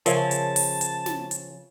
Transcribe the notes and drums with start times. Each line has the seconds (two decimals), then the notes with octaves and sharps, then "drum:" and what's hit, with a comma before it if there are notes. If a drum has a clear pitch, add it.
0.06 C#3 F3 A#4 C#5 E5 G#5 A5, drum: hi-hat
0.31 drum: hi-hat
0.56 drum: open hi-hat
0.81 drum: hi-hat
1.06 drum: snare
1.31 drum: hi-hat